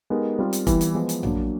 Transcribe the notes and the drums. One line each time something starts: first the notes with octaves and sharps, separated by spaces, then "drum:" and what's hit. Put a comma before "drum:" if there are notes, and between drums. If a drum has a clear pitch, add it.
G#3 B3 D#4 G4 A#4
G3 C4 F4 A#4
drum: hi-hat
E3 G3 B3 E4, drum: kick F1, hi-hat
drum: hi-hat
F3 G#3 B3
drum: hi-hat
F#3 A#3 D4, drum: tom A#1